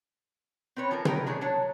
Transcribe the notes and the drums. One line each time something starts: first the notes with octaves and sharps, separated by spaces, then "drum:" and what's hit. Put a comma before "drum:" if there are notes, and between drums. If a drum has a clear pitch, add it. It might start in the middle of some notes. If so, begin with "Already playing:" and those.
C4 C#4 B4 C#5
E3 F3 F4 A4 A#4
D#3 F#3 F4 G4 A#4 B4, drum: tom
D#3 F#3 A3 D4 G#4
F#3 D4 C#5 A5